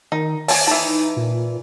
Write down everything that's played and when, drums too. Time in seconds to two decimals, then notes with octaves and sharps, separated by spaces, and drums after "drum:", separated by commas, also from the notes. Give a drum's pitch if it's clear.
0.12 D#3 D#4
0.48 C#5 G#5 A5, drum: open hi-hat
0.67 E3 D#4 A5
1.17 A#2